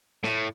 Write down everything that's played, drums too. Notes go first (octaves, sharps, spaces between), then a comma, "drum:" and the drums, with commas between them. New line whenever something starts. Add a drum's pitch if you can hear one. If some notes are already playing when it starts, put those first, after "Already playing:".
A2, drum: snare